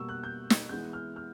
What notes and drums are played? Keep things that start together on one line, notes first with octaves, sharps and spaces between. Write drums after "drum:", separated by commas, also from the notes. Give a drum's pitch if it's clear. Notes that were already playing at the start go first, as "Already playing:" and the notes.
Already playing: B2 G3 A#3 C#6 E6
F#6
G6
drum: snare
E3 G#3 B3 G6
F6
F6